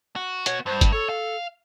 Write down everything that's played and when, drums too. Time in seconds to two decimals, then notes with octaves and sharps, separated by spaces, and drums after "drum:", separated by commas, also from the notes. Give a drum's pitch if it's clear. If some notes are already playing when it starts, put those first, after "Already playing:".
0.16 F#4
0.46 B3 F#4 C#5, drum: hi-hat
0.66 G2 C5
0.81 drum: kick, hi-hat
0.92 A4 C#5
1.09 F5